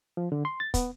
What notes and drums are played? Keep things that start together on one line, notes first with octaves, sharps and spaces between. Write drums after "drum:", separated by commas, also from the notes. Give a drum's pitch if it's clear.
F3
D3
C6
A6
B3, drum: kick, hi-hat